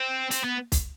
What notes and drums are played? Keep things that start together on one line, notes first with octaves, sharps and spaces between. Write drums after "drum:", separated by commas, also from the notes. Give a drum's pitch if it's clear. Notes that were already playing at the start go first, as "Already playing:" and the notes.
Already playing: C4
C4, drum: hi-hat
B3
drum: kick, hi-hat